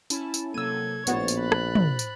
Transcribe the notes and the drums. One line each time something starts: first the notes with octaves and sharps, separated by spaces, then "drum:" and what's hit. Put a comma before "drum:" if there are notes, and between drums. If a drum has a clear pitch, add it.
C#4 E4 A5, drum: tambourine
drum: tambourine
C3 F#3 A#3 A4 E6 G#6 D#7
A#1 A2 B3 F#4 C5 C#5 A6, drum: tambourine
drum: tambourine
B5 F#6
drum: rim click
drum: tom
drum: tambourine